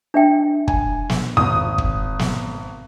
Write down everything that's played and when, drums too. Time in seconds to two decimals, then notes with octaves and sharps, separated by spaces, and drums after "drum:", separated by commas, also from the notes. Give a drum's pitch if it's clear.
0.14 D4 E5 G5
0.68 G#5, drum: kick
1.09 drum: snare
1.37 G#1 D#6
1.78 drum: kick
2.19 drum: snare